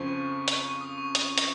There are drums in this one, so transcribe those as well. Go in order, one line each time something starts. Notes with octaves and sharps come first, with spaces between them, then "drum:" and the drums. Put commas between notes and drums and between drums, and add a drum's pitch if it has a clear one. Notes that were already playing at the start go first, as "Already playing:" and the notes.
Already playing: F2 C#3 F3 C4 C#6
C#6, drum: hi-hat
C#6
D#6
C#6
D#6, drum: hi-hat
drum: hi-hat